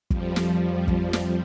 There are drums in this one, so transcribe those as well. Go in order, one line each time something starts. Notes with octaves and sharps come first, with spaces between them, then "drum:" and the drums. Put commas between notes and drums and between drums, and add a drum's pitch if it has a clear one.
F2 F3 G3, drum: kick
drum: snare
drum: kick
drum: snare